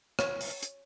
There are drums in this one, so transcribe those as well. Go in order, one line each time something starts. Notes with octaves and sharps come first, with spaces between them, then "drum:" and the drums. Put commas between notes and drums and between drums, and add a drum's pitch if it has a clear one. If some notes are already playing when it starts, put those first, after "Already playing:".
C#5, drum: rim click
drum: open hi-hat
drum: hi-hat